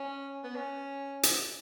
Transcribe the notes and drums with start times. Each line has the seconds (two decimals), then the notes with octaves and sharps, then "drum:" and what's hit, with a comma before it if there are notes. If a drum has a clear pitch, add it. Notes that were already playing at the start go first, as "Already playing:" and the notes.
Already playing: C#4
0.44 B3
0.56 C#4
1.23 drum: hi-hat